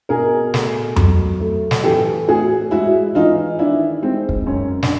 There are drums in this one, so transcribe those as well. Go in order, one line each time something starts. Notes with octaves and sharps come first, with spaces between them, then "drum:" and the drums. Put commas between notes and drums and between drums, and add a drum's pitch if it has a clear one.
B2 G#4 A#4
A3, drum: snare
F#3, drum: tom F2
A3
drum: snare
E3 G4 A4
A2 F#4 G#4
G#3 E4 F#4
E3 D#4 F4
D#3 D4 E4
G#3 C4
drum: kick
F#2 C#4
D4, drum: snare